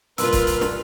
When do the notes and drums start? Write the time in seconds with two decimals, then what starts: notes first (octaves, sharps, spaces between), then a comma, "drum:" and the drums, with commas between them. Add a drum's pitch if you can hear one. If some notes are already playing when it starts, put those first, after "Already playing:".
0.18 C2 G2 A#2 F4 A#4 B4 C6 E6, drum: hi-hat
0.33 drum: kick, hi-hat
0.47 drum: hi-hat
0.61 drum: snare